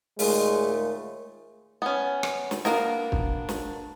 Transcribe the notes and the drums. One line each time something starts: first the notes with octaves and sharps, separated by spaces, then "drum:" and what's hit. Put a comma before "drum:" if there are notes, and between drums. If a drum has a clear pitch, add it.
D#2 A#2 G#3 A3, drum: open hi-hat
B3 C#4
drum: rim click
drum: snare
A#3 B3 D4 A#4, drum: snare
drum: kick
drum: snare